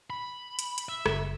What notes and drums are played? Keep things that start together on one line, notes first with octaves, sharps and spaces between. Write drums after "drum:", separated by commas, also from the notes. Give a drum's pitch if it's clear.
B5
drum: hi-hat
drum: hi-hat
E5
F#1, drum: rim click